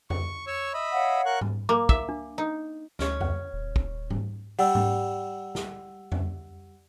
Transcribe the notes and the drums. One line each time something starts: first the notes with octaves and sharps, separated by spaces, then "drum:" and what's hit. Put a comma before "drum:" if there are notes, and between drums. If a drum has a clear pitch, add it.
C#6, drum: tom F2
C#5 C#6 E6
D#5 E5 B5
C#5 F5 F#5
A#4 C#6 F#6
drum: tom G#2
A#3 D6
E5, drum: kick
D4
D#4
D2 C#4 C#5, drum: snare
drum: tom F2
D#1
drum: kick
drum: tom G#2
G3 F#5 E6, drum: open hi-hat
drum: tom G#2
drum: snare
drum: tom F2